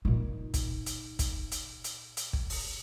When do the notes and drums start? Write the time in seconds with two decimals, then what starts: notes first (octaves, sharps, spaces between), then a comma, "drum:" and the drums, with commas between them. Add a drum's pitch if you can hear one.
0.05 A#2 D#4
0.54 drum: kick, hi-hat
0.86 drum: hi-hat
1.19 drum: kick, hi-hat
1.52 drum: hi-hat
1.84 drum: hi-hat
2.17 drum: hi-hat
2.33 drum: kick
2.50 drum: open hi-hat